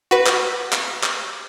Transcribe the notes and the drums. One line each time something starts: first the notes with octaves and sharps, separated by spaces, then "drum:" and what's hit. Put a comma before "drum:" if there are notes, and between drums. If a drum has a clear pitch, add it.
F#4 B4
drum: clap
drum: clap
drum: clap